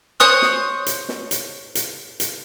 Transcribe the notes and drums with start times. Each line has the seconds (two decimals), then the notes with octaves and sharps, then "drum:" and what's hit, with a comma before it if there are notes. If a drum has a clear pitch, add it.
0.20 C5 C#5 D#6 F#6
0.42 drum: snare
0.86 drum: hi-hat
1.09 drum: snare
1.31 drum: hi-hat
1.75 drum: hi-hat
2.20 drum: hi-hat